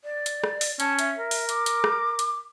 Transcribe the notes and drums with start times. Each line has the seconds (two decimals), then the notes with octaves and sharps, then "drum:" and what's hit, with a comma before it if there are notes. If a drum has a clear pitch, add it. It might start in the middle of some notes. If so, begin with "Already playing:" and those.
0.04 D5
0.26 drum: hi-hat
0.44 drum: rim click
0.61 drum: open hi-hat
0.80 C#4 A5, drum: hi-hat
0.99 E5, drum: hi-hat
1.18 A#4
1.31 drum: open hi-hat
1.49 D6, drum: hi-hat
1.66 drum: hi-hat
1.84 drum: rim click
2.19 drum: hi-hat